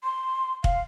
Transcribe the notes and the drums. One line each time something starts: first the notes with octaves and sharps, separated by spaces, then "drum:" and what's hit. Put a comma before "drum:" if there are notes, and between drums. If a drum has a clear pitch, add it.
C6
F5, drum: kick